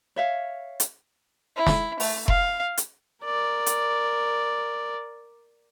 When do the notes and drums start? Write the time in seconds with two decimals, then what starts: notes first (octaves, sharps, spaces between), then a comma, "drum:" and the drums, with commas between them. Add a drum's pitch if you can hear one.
0.16 C#5 E5 F5
0.80 drum: hi-hat
1.56 E4
1.67 drum: snare
2.00 A3, drum: open hi-hat
2.28 F5, drum: kick F1
2.77 drum: hi-hat
3.24 A#4 D5
3.66 drum: hi-hat